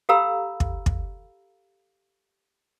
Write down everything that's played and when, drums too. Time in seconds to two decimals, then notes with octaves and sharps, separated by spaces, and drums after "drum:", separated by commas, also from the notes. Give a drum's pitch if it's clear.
0.09 G4 A4 F5 A#5 B5 E6
0.60 drum: kick
0.86 drum: kick